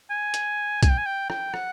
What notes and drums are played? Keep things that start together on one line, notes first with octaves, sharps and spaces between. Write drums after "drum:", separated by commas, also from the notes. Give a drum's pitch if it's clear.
G#5
drum: hi-hat
G#5, drum: kick, hi-hat
G5
G#5
G5
G5, drum: rim click
F#5, drum: rim click